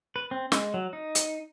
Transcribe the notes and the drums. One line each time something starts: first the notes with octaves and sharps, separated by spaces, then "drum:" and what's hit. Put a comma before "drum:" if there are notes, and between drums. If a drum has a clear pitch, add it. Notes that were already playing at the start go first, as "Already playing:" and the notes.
B4
C4
G#3, drum: snare
F#3
D#4
drum: hi-hat